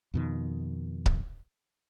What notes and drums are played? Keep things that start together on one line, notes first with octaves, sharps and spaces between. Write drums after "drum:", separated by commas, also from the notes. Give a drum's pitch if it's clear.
F2 B2 D#3
drum: kick C#1